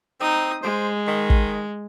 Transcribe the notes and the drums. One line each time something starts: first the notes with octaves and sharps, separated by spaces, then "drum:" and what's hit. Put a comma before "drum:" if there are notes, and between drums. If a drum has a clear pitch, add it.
C4 D#4 D#6
G#3 C5
D#3
drum: kick